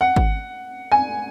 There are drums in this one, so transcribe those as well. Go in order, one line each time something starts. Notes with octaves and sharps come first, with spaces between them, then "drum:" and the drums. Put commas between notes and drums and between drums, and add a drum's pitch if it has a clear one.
F#5
drum: kick G#1
G#5